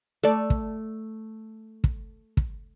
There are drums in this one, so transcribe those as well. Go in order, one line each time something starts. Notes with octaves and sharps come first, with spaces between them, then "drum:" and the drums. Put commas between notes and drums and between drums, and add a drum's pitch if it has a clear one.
A3 A4 D5
drum: kick
drum: kick
drum: kick